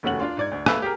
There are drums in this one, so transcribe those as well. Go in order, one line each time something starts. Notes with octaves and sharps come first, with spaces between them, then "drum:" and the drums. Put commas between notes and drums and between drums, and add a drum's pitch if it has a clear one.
F1 D#2 A3 C#4 F#4 F#7
D4 F4 D5 F5 C6
G#2 D5 G#6
D2 D4
A3 B4 E5 F5 B5 E6, drum: rim click
G4 G#4 A#4